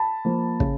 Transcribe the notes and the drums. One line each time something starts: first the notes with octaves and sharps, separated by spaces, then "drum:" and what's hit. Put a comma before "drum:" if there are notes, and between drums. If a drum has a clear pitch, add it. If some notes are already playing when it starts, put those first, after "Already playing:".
Already playing: A5 B5
F3 A#3
C#3, drum: kick